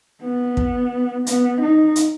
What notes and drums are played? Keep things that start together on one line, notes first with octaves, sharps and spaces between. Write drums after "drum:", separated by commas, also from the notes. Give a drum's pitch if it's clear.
B3
drum: kick
B3, drum: hi-hat
D#4
drum: hi-hat